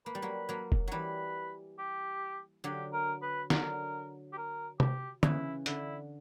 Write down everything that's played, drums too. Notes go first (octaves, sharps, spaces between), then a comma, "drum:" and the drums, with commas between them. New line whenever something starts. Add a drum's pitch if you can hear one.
A#3 B4
G3
F#3 A#3
F#3 A#3
drum: kick
E3 F#3 G3 B4
G4
D3 F#3 G4
A#4
B4
D3 F#3 A#4, drum: snare
G4
A#4
G4, drum: tom
C#3 E3 E4, drum: tom
D3 E4, drum: hi-hat